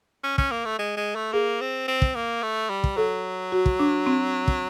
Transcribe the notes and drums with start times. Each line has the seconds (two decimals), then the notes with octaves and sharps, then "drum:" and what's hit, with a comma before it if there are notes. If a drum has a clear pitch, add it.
0.24 C#4
0.38 C#4, drum: kick
0.52 A#3
0.65 A3
0.79 G#3
0.97 G#3
1.16 A3
1.33 A#3 G#4
1.61 C4
1.88 C4
2.02 drum: kick
2.15 A#3
2.43 A3
2.70 G3
2.84 drum: kick
2.97 F#3 A4
3.52 F#4
3.66 drum: kick
3.80 D4
4.06 C4
4.48 drum: kick